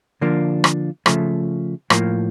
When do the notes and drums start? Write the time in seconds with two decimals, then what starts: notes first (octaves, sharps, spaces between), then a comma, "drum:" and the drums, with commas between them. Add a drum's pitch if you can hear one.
0.21 D3 F3 A#3 D4
0.64 drum: rim click
1.06 C#3 F3 A3, drum: rim click
1.90 A2 F3 A#3, drum: rim click